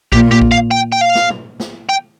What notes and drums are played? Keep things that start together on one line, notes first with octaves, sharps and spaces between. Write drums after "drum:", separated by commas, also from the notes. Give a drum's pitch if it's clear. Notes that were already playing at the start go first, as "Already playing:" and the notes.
A#2 G4, drum: kick A#1
G4
drum: kick A#1
F5
G5
G5
F5
drum: snare
drum: tom
drum: snare
G5